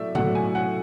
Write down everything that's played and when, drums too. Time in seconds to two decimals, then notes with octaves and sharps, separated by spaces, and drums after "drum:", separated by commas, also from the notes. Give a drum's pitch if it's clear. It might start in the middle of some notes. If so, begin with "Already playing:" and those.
Already playing: A2 F#3 A3 D5 E5
0.15 A2 F#3 A3 F#5, drum: tom D3
0.35 G#5
0.55 F#5